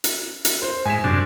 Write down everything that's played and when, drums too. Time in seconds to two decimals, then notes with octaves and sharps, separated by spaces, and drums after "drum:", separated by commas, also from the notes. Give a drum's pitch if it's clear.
0.04 drum: hi-hat
0.45 drum: hi-hat
0.62 C5
0.85 G#2 G#5 B6 E7
1.04 F#2 C3 D4